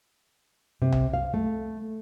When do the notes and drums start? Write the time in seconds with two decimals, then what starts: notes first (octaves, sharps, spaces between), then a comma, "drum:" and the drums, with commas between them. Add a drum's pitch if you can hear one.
0.82 C3
0.92 drum: tom C2
1.14 F5
1.34 A3